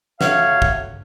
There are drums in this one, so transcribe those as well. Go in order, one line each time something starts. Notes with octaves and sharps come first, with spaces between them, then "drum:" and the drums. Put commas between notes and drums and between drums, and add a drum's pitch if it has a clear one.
A3 F#4 C#5 F5, drum: snare
drum: kick